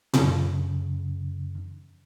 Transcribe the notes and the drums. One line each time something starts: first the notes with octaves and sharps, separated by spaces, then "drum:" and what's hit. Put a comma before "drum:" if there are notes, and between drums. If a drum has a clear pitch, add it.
F#2 C#3, drum: tom A#2